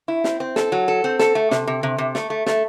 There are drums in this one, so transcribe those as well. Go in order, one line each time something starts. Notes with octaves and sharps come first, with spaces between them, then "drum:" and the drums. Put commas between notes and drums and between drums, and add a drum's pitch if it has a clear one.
E4
C4, drum: snare
C4
A4, drum: snare
F#3
A4
C4
A4, drum: snare
A3
C3, drum: snare
C3
C3
C3
A3, drum: snare
A3
A3, drum: snare